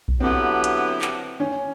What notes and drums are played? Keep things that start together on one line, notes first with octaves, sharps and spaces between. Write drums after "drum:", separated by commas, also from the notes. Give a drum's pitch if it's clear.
drum: kick B1
D3 F#3 B3 C4 E4 G4
drum: hi-hat
drum: clap
C#4